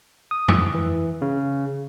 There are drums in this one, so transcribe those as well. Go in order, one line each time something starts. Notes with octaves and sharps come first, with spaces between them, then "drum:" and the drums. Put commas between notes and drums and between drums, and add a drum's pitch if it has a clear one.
D#6
drum: tom F2
E3
C#3